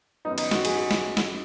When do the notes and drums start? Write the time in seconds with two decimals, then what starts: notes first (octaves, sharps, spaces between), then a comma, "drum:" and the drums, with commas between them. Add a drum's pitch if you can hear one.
0.25 F#2 D#3 F#3 B3 D#4
0.38 D#4, drum: cymbal
0.51 F#4, drum: snare
0.65 G#4, drum: cymbal
0.77 G#4
0.91 drum: snare
1.17 drum: snare